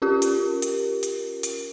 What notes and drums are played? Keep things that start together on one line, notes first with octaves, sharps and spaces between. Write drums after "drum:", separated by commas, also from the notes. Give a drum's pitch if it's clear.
C#4 F4 G4 A#4
drum: hi-hat
drum: hi-hat
drum: hi-hat
drum: hi-hat